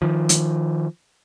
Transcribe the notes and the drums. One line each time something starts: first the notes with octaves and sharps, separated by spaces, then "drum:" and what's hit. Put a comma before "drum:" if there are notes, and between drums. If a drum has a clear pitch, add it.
D#3 F3
drum: hi-hat